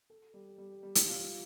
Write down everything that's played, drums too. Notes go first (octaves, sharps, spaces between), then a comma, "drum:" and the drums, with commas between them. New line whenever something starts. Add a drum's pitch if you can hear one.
A4
G3
G3
G3
drum: hi-hat
F4